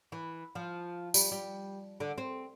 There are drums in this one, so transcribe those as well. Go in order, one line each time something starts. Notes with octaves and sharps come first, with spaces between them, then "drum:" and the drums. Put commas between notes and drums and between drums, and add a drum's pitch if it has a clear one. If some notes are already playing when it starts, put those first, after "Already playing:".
E3
F3
G3, drum: tambourine
G3
D3
C4